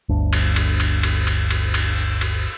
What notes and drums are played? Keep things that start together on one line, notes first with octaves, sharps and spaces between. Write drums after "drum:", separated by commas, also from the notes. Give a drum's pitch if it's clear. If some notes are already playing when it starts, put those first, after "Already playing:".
G1 D2 D4
drum: cymbal
drum: cymbal
drum: cymbal
drum: cymbal
drum: cymbal
drum: cymbal
drum: cymbal
drum: cymbal